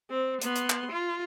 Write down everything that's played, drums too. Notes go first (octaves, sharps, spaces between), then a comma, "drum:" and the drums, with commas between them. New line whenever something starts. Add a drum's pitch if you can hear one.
C4
B3 C6, drum: hi-hat
drum: hi-hat
drum: clap
F4